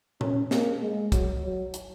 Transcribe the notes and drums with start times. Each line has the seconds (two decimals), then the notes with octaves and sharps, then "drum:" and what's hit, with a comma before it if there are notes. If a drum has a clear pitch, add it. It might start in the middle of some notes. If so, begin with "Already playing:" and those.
0.21 C#4, drum: tom A#2
0.51 A#3, drum: snare
0.82 G#3
1.12 F#3, drum: kick, hi-hat
1.44 F#3
1.74 drum: hi-hat